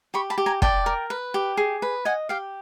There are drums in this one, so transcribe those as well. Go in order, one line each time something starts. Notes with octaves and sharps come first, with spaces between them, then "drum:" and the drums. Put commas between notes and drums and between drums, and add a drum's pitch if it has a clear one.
G4 B5 C#6
A5 B5
G4
G#5 A#5
D5 G5 A5, drum: kick
A#4
B4
G4
G#4
B4
D#5 F#5 G#5
G4 F5 G5